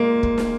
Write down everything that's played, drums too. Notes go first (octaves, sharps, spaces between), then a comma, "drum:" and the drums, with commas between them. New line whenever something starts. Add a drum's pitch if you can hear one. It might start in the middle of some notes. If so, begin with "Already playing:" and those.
Already playing: A#2 G#3 A#3
drum: kick
drum: snare